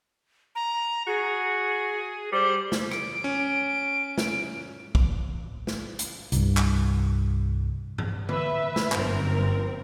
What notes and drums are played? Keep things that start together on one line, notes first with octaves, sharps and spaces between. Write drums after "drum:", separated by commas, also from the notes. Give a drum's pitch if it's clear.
A#5
F#4 G#4
G3 C5
drum: snare
D7, drum: rim click
C#4
drum: snare
drum: kick
drum: snare
drum: hi-hat
C2 G2, drum: hi-hat
drum: clap
drum: tom G2
B4 E5, drum: tom D3
drum: snare
G1 F#2 C4 A#4, drum: clap